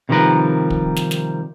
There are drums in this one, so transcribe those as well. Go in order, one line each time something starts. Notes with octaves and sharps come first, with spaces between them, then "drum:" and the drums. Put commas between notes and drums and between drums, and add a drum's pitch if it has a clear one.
C3 D#3 F3 G3 A#4 B4
drum: kick
drum: snare
drum: snare